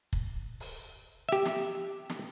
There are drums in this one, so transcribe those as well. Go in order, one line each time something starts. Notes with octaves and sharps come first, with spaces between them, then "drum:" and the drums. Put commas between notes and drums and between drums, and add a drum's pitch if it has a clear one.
drum: kick
drum: open hi-hat
G4 E5
drum: snare
drum: snare